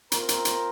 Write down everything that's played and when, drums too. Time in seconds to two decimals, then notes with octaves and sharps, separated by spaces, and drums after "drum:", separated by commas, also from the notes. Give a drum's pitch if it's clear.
0.12 C4 F4 A#4 A#5, drum: hi-hat
0.29 drum: hi-hat
0.45 drum: hi-hat